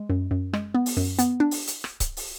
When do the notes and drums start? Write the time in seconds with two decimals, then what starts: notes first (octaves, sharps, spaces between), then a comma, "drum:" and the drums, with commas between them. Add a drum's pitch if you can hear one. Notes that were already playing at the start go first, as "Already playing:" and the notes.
Already playing: G#3
0.10 F#2
0.31 F#2
0.53 G#3, drum: rim click
0.75 B3
0.86 drum: open hi-hat
0.97 F#2
1.19 B3, drum: hi-hat
1.40 D4
1.51 drum: open hi-hat
1.68 drum: hi-hat
1.84 drum: rim click
2.00 drum: kick C#1, hi-hat
2.17 drum: open hi-hat